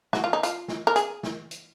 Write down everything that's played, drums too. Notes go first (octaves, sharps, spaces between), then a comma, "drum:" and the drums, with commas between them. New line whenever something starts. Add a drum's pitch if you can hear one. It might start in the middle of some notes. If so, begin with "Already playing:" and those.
F#4, drum: snare
F4
D#4
F4, drum: hi-hat
drum: snare
A#4
G#4, drum: hi-hat
drum: snare
drum: hi-hat